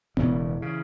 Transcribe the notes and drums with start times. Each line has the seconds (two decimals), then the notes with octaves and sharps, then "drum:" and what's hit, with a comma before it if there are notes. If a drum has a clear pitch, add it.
0.17 E1 E2 C#3 E3, drum: tom B3
0.62 C#3